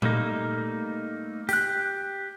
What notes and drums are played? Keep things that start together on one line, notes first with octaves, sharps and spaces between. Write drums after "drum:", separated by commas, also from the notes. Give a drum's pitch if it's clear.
G3 A3 A#3 D#4, drum: tom A#2
G4 F#6, drum: hi-hat